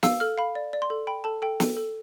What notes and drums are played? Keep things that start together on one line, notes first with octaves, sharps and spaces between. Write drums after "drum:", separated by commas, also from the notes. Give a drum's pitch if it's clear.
F5 E6, drum: snare
A4 F6
F5 B5
D5
D5
C6
A4
G5 B5
A4 A5
A4 G5
A4, drum: snare
A4